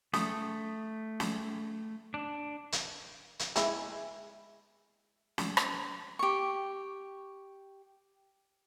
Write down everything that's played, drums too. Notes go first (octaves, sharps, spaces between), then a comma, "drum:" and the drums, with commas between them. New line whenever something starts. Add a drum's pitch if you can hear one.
A3 D#6, drum: snare
drum: snare
D4
drum: hi-hat
drum: hi-hat
G#3 E4, drum: hi-hat
drum: snare
drum: rim click
G4 C#6